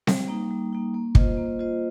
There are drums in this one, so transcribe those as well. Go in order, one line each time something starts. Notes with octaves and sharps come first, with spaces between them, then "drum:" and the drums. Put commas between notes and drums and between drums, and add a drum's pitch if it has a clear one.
G3, drum: snare C4
A#3 D#4
G3
A#3 D#4
A#3
F4 C5 D#5, drum: kick
A#3
F4 C5 D#5